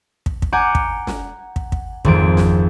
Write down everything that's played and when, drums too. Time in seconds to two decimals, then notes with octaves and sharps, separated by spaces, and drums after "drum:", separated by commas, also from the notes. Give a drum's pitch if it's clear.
0.26 drum: kick
0.42 drum: kick
0.53 F#5 G#5 A#5 D6 G6
0.75 drum: kick
1.07 drum: snare
1.56 drum: kick
1.72 drum: kick
2.05 G#1 F2 F3 D7, drum: kick
2.37 drum: snare